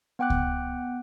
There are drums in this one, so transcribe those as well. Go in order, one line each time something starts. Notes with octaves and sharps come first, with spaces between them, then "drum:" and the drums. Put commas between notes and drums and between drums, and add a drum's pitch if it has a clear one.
B3 F#5 G5 D6 F#6
drum: kick C#2